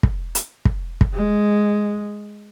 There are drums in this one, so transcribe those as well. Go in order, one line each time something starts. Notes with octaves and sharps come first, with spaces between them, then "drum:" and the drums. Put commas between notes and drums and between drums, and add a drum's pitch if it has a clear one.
drum: kick
drum: hi-hat
drum: kick
drum: kick
G#3